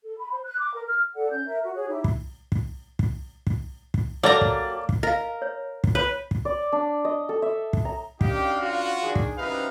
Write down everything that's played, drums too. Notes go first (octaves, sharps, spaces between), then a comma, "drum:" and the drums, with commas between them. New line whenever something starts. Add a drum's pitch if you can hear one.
A4
B5
C5
F#6
D6
A#4
F6
A4 D5 F#5
C#4 G6
A#4 E5
F#4
F#4 G#4 C#5
D#4 E4 G4
drum: kick
drum: kick
drum: kick
drum: kick
drum: kick
F#3 A#3 G4 A4 D5 A#5
drum: kick
drum: kick
A#4 D#5 F5
C#5
drum: kick
B4 C#5 B5
drum: kick
D5
D4
D#5
A4
E5
drum: kick
A#5
F#2 D4 D#4 G4 F5, drum: kick
F4 F#4
D#3 D4 G#4
drum: kick
F#2 C3 E3 D#4 B4 F5